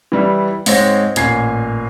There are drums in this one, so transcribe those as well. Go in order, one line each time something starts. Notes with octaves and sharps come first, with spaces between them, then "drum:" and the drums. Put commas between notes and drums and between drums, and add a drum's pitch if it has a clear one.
E3 G3 E4
G#2 G#3 C4 C#5 A#6, drum: open hi-hat
A1 A#2 G#5 G#6 C7, drum: hi-hat